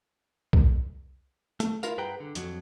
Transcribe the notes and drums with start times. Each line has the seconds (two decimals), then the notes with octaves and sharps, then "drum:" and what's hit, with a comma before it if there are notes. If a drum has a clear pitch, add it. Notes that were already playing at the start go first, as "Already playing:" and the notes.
0.53 drum: kick B1
1.60 A3, drum: hi-hat
1.83 E4 F4 A#4 F5, drum: tambourine
1.98 G2 G#4 B4 F#5 G5 A#5
2.20 D3
2.35 F2 F#3, drum: hi-hat